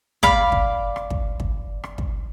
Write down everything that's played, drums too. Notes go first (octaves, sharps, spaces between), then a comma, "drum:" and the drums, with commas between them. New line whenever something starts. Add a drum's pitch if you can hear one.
D5 F5 B5, drum: kick
drum: kick
drum: rim click
drum: kick
drum: kick
drum: rim click
drum: kick